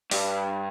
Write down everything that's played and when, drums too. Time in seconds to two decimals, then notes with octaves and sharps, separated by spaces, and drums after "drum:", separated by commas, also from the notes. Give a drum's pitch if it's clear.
0.11 G2, drum: open hi-hat